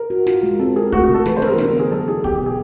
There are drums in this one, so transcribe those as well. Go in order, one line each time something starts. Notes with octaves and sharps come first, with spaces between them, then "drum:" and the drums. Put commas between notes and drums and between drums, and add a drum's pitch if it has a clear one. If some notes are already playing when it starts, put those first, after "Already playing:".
Already playing: A#4
F#4
F4, drum: snare
G#3
C4 A4
G#4 A#4
A3 F#4, drum: kick
F#4
C3
A4
E3 B4, drum: snare
C5
D4, drum: tom
A#4
B3, drum: snare
D3
G#4
F#3 A4
D#4 G#4
B3 G4, drum: kick
G4
B2 G#4